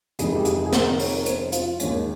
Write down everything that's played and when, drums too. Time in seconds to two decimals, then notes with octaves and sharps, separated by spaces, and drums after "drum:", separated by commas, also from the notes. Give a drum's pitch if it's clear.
0.19 F1 F2 D#3 G#3 G#4, drum: hi-hat
0.36 G4
0.45 G#4, drum: hi-hat
0.66 G#4
0.72 A#4, drum: snare
0.99 C#5, drum: open hi-hat
1.17 A#4
1.26 C5, drum: hi-hat
1.52 F4, drum: hi-hat
1.80 D#2 D#3 G#3 C#4, drum: hi-hat